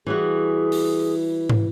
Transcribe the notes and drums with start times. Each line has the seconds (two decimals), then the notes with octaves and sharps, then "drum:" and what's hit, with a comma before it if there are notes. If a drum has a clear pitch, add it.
0.07 E3 G3 F#4 G#4
0.72 drum: open hi-hat
1.49 drum: tom